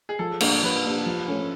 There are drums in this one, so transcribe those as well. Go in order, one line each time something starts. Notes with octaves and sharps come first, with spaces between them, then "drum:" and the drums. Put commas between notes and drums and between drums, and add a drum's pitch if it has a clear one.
G#4
F3 A4
A#3 D4 G4, drum: cymbal
F3 B4
A#3 D4 G4
F3
A3 C#4